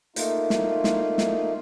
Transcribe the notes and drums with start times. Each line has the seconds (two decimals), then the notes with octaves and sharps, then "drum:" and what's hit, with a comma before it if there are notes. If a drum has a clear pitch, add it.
0.16 A3 A#3 D#4 F4, drum: hi-hat
0.50 drum: snare
0.84 drum: snare
1.18 drum: snare